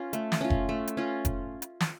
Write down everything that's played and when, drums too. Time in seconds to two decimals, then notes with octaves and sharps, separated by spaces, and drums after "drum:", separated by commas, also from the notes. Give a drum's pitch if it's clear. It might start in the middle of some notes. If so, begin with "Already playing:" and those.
Already playing: C#4 F4
0.13 A3, drum: hi-hat
0.32 drum: snare
0.41 C#4 F4
0.50 drum: kick F1
0.69 A3
0.87 drum: hi-hat
0.97 C#4 F4
1.25 drum: kick F1, hi-hat
1.62 drum: hi-hat
1.80 drum: snare